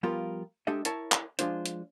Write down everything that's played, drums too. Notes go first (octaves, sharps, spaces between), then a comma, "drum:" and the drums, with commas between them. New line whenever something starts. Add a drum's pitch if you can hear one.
F3 G3 B3 F4 G4 A#4
G#3 D4 G4 A4 D#5 E5
E4 A#4 C#5 A5, drum: hi-hat
drum: clap
F3 G#3 D4 F4 C5, drum: hi-hat
drum: hi-hat